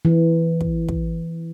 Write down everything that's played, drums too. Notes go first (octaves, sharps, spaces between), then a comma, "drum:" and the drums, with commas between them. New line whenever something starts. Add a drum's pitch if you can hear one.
E3
drum: kick
drum: kick